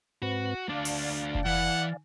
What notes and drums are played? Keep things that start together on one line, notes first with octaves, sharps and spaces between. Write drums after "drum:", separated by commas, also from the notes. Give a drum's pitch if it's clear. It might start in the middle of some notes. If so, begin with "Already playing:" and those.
G#2 C4 F#4 B4
D2 D4 D5 F5 A5
drum: open hi-hat
drum: kick F1
E3 F#5